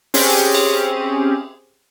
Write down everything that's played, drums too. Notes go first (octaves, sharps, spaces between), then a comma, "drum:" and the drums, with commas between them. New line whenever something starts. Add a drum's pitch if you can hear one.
C4 C#4 G4 G#4, drum: open hi-hat
drum: cymbal